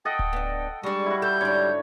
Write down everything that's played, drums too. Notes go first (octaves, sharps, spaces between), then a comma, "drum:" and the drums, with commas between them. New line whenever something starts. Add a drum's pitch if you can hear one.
A4 D#5 F#5 G5
drum: kick D1
B3 D4
G3 G#3 D4 C#6
E4 F#4
A4 G6
G#2 D3 C#5 D5